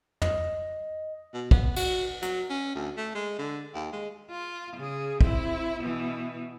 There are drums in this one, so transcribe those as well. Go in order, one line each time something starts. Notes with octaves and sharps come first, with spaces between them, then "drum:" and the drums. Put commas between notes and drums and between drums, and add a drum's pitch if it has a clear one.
D#5, drum: tom
B2
B3, drum: kick
F#4, drum: cymbal
F#3, drum: hi-hat
C#4
D2
A3
G#3
D3
D#2
G#3
F4
C#3 G#4
C4 E4, drum: kick
B2 E3